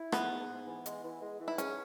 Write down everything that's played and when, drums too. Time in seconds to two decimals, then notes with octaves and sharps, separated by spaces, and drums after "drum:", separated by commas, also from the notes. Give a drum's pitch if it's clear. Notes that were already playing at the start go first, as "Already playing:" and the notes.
Already playing: E4
0.12 G#2 B3, drum: rim click
0.31 G#2
0.48 G#2
0.67 E3
0.86 G#3, drum: hi-hat
1.04 E3
1.22 G#3
1.40 E3
1.48 E4
1.58 G#2 C#4, drum: hi-hat